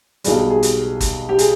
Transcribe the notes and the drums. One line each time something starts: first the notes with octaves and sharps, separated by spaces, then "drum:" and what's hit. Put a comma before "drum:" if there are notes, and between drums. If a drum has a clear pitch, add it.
B1 B2 G3 G#4, drum: hi-hat
G4
G#4
drum: hi-hat
drum: kick, hi-hat
G4
G#4, drum: hi-hat